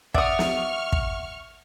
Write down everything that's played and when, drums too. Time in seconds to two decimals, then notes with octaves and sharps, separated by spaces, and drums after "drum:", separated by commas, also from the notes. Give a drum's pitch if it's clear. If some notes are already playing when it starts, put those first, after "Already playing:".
0.14 D5 E5 F#5 C#6 D#6 F6, drum: kick
0.39 drum: snare
0.92 drum: kick